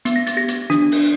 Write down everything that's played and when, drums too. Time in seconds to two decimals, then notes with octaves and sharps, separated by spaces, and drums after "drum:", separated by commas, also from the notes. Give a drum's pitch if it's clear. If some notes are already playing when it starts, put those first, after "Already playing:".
0.05 B3, drum: hi-hat
0.16 A#6
0.27 A6, drum: hi-hat
0.37 G4 A#6
0.48 drum: hi-hat
0.70 D4, drum: snare
0.92 drum: open hi-hat